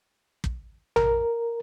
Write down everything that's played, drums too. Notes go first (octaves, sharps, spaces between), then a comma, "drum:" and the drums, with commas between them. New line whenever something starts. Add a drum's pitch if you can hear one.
drum: kick
A#4, drum: tom A#1